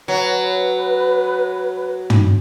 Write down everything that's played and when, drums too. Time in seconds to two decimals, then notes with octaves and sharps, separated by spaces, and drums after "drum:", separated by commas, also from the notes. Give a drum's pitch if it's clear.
0.08 F#3 B4
2.10 drum: tom